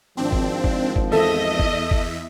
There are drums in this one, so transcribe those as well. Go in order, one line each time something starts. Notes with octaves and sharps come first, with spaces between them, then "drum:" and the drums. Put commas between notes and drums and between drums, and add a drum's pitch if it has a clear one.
G#1 F3 C4 D4
drum: kick
drum: kick
drum: kick
E2 A4 D#5 E5
drum: kick
drum: kick